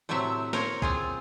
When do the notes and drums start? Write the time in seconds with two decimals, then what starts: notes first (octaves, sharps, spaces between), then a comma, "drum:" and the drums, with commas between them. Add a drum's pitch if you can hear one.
0.09 A2 C3 F#3 C4 E5
0.53 A#4 C5 C#5, drum: snare
0.82 C4 F4 G#4, drum: kick